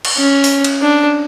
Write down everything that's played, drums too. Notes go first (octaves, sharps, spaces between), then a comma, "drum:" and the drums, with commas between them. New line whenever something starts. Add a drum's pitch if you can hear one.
drum: cymbal
C#4
drum: open hi-hat
drum: cymbal
D4